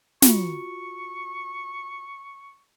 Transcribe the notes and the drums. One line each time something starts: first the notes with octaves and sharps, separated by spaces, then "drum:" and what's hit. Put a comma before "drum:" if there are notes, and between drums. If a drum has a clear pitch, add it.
F4 F#4 C#6, drum: snare